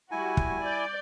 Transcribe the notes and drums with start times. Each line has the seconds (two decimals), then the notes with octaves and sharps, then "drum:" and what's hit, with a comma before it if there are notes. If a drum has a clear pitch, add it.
0.11 G3 E4 F#4 G#5
0.37 drum: kick
0.61 D5 G6